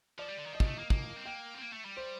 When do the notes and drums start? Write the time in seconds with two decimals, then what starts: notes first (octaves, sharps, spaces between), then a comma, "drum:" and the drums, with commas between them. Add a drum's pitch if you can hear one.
0.19 F3 D5
0.28 G3
0.37 D3
0.46 D#3
0.54 F3 D#5
0.60 G3, drum: kick
0.67 A3
0.79 A#3
0.90 A#3, drum: kick
1.16 C4
1.25 A#3 G5
1.55 C4
1.61 A#3
1.73 A3
1.85 G3
1.97 C5